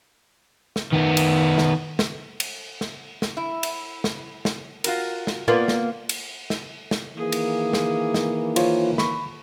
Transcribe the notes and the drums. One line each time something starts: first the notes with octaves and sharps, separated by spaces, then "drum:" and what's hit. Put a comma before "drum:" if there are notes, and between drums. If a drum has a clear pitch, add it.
drum: snare
D#3 B3
drum: cymbal
drum: snare
drum: snare
drum: cymbal
drum: snare
drum: snare
E4
drum: cymbal
drum: snare
drum: snare
F4 F#4 A#4, drum: cymbal
drum: snare
A#3 B3 F4 D5 A#5
drum: snare
drum: cymbal
drum: snare
drum: snare
D#3 E3 A#3 G#4
drum: cymbal
drum: snare
drum: snare
F4 C5 C#5, drum: cymbal
B5 C#6, drum: snare